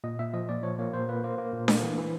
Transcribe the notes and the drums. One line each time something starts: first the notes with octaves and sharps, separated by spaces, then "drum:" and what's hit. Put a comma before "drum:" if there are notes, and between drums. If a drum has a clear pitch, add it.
A#2 D#5
A#2 E5
F3 D#5
A#2 D5
F3 C#5
A#3 C#5
A#2 C5
A#3 B4
A#3 C5
A#3
A#2
A#3, drum: snare D4
E3
E3